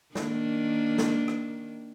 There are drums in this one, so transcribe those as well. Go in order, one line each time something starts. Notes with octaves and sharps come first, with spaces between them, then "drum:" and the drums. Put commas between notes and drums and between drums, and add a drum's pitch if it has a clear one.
D#3 A#3 D4, drum: snare
drum: snare
drum: rim click